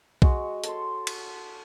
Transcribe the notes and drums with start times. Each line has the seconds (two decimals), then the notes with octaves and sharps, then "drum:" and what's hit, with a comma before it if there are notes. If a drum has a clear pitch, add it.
0.22 G#3 F#4, drum: kick B1
0.64 A4 C#5 C6, drum: hi-hat
1.07 drum: cymbal